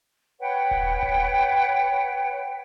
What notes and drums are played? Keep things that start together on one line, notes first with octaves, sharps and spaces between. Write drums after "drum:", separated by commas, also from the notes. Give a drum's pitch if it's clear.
B4 C#5 F#5 G5
drum: kick D#1
drum: kick D#1